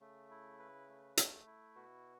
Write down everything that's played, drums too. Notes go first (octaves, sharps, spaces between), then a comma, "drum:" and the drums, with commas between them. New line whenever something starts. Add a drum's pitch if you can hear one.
C#3 A3
E4
B4
A3
A3, drum: hi-hat
E4
B2 F#4